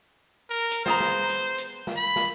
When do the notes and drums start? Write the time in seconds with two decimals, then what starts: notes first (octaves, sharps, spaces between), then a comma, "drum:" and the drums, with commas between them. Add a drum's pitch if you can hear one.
0.50 A#4
0.71 drum: hi-hat
0.86 B3 G#4 C5 A#5, drum: snare
1.00 drum: snare
1.29 drum: hi-hat
1.58 drum: hi-hat
1.87 drum: snare
1.96 B5
2.16 drum: snare